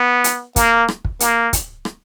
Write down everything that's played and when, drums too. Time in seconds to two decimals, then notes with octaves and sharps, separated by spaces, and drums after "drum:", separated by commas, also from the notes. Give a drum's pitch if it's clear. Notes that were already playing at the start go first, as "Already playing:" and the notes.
Already playing: B3
0.24 drum: hi-hat
0.56 A#3, drum: kick, hi-hat
0.88 drum: rim click
1.05 drum: kick
1.20 A#3, drum: hi-hat
1.53 drum: kick, hi-hat
1.85 drum: rim click